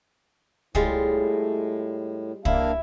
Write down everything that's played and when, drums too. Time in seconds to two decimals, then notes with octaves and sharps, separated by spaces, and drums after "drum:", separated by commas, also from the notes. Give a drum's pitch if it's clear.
0.75 A2 G3 G#3 F4, drum: kick
2.45 A#3 D4 E4 F5, drum: kick